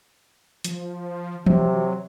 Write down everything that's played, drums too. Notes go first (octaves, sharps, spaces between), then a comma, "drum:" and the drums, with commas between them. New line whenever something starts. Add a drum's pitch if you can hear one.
F3, drum: hi-hat
C3 F#3, drum: tom E3